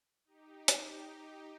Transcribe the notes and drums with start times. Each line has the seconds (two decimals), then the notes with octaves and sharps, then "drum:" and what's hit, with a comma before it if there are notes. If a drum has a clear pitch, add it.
0.25 D#4 G4
0.68 drum: hi-hat